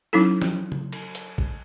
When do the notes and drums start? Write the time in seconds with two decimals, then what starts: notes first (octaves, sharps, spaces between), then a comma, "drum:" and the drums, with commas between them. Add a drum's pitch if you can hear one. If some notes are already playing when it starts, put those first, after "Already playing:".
0.13 F#3 C#4 D#4 E4 A4
0.42 drum: snare
0.72 drum: tom
0.92 drum: cymbal
1.15 drum: hi-hat
1.38 drum: kick